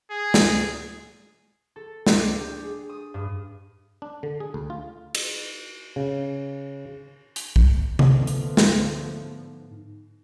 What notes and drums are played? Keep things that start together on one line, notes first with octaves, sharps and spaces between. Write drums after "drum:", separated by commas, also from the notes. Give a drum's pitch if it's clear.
G#4
drum: snare
A4
D4, drum: snare
G4
G#4
D#6
G2
D4
D3
G#4
D2
F4
drum: cymbal
C#3
drum: hi-hat
drum: kick A#1
drum: tom C3
G#2 D3 F3 A3 B3
drum: hi-hat
drum: snare